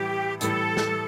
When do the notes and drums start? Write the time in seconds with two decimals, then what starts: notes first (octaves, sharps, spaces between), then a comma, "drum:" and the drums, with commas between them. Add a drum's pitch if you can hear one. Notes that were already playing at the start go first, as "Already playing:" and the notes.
Already playing: A2 E3 G3 G4
0.41 A2 E3 G3 A4, drum: hi-hat
0.77 drum: snare